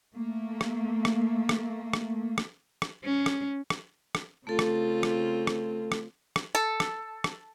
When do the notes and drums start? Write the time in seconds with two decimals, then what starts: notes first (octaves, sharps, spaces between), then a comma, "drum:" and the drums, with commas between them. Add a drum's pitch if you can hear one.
0.16 A3 A#3
0.61 drum: rim click
1.05 drum: rim click
1.49 drum: rim click
1.93 drum: rim click
2.38 drum: rim click
2.82 drum: rim click
3.04 C#4
3.26 drum: rim click
3.70 drum: rim click
4.15 drum: rim click
4.47 C#3 A3 C4 F4 A4
4.59 drum: rim click
5.03 drum: rim click
5.47 drum: rim click
5.92 drum: rim click
6.36 drum: rim click
6.55 A4
6.80 drum: rim click
7.24 drum: rim click